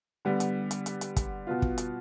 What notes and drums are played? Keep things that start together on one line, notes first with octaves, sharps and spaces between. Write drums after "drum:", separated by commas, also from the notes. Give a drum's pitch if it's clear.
D3 G3 B3
drum: hi-hat
drum: hi-hat
drum: hi-hat
drum: hi-hat
drum: kick, hi-hat
B2 B3 F4
drum: kick
drum: hi-hat